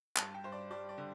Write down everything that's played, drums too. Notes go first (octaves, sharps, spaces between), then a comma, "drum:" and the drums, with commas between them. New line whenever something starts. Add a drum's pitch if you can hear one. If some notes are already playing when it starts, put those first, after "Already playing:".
G2 A5, drum: clap
G5
G2 C5
D5
G3 D5
D5
D3